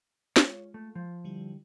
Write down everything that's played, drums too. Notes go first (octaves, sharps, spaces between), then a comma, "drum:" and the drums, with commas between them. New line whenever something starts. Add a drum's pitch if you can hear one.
G#3 F4 C#5, drum: snare
A3
F3
D3 G3 E4